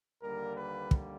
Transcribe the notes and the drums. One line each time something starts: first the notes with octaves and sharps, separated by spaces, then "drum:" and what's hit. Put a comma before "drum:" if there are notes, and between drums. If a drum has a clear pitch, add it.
D#2 D3 G3 A#3 A#4
B4
drum: kick